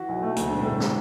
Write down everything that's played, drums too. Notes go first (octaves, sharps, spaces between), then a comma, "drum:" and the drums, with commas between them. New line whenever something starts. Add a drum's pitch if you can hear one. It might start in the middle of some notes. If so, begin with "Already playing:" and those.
Already playing: E3 F#4
B1
A3
D2, drum: hi-hat
E1 D3
A2
E1 F#2
drum: snare